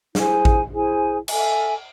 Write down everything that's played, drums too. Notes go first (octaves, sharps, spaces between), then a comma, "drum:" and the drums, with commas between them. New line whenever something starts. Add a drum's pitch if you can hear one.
E4 G#4 C5 G#5, drum: snare
drum: kick A1
E4 G#4 C5 G#5
A4 E5 G#5, drum: cymbal